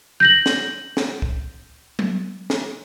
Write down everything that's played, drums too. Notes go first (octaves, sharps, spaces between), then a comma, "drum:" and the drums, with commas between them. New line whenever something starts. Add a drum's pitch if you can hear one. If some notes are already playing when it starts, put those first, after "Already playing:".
G6 A#6 F#7
drum: snare
drum: snare
drum: kick C2
drum: tom F#3
drum: snare